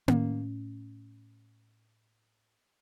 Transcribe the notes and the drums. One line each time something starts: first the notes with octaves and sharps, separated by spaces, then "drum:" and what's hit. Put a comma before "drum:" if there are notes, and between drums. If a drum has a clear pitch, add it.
A2 C#4, drum: tom A#3